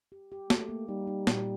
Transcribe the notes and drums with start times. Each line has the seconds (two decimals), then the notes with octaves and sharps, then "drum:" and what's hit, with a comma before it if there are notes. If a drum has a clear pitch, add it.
0.12 G4
0.32 G4
0.50 A3 A#3, drum: snare
0.69 A#3
0.88 G3 D#4
1.07 D#4
1.27 A#2, drum: snare